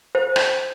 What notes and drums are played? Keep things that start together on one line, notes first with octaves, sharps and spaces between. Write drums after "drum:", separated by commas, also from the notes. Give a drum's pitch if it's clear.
C5
drum: rim click